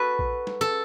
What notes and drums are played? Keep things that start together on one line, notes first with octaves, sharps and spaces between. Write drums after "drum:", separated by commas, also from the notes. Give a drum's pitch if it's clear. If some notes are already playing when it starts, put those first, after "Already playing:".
Already playing: F#4 A4 B4
drum: kick A#1
drum: snare
A4